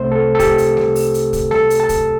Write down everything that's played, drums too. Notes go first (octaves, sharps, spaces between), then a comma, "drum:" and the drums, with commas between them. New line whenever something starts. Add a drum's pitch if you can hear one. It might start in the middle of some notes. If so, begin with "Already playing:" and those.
Already playing: C2 C3 A3 C4 C5
A4
A4
G4, drum: kick, hi-hat
drum: hi-hat
drum: snare G3
drum: open hi-hat
drum: hi-hat
drum: kick, hi-hat
A4, drum: snare G3
drum: hi-hat
A5
drum: kick, hi-hat